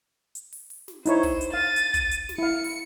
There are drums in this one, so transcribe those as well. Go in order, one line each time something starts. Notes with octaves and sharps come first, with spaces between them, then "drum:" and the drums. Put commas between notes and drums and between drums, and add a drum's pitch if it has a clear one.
drum: hi-hat
drum: open hi-hat
drum: open hi-hat
drum: snare
D#4 E4 C5 C#5, drum: hi-hat
drum: kick, open hi-hat
drum: hi-hat
F5 A6 D#7
drum: hi-hat
drum: kick, hi-hat
drum: hi-hat
drum: snare
E4 F5 C#7
drum: open hi-hat